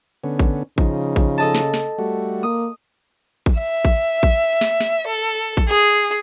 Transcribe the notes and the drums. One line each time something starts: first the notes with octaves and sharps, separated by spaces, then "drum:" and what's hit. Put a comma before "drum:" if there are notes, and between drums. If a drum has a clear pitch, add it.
D3 B3 C#4
drum: kick A1
C#3 F3 D#4, drum: kick A1
drum: kick A1
A4 D#5 A5
drum: snare
drum: snare
G3 A3 F#4
A#3 D#6
drum: kick A1
E5
drum: kick A1
drum: kick A1
drum: snare
drum: snare
A4
drum: kick A1
G#4